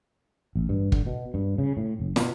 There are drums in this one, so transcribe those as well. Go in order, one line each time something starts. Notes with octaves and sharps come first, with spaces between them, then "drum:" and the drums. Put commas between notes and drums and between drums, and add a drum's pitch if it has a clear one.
A1
G2
D3, drum: kick
B2
G2
C#3
A2
F#1
B2, drum: snare